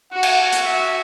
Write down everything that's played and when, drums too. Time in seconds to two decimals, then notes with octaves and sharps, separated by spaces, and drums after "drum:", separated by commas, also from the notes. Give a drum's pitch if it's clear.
0.12 F#4 F#5
0.23 drum: cymbal
0.52 drum: hi-hat
0.65 E5